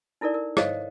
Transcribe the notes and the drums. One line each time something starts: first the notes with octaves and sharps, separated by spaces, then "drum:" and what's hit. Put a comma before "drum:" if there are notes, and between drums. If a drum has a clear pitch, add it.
D#4 E4 A4 A#4 D5
A#4
A4 C5 C#5 D#5 F5, drum: rim click